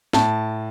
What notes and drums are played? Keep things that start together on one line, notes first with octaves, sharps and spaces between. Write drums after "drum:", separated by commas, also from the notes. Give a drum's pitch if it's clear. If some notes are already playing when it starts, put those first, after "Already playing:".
A2 A5, drum: snare